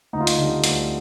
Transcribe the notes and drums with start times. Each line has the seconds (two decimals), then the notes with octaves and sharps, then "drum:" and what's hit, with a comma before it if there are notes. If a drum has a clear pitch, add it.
0.13 D2 D#4
0.20 F4
0.27 D#4, drum: hi-hat
0.38 D3 G3
0.64 D2, drum: hi-hat